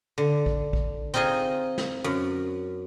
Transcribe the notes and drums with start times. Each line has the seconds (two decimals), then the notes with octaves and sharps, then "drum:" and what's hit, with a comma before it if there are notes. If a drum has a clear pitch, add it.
0.18 D3
0.46 drum: kick
0.73 drum: kick
1.14 C4 D#4 F4 G#4 D#5
1.78 drum: snare
2.04 F#2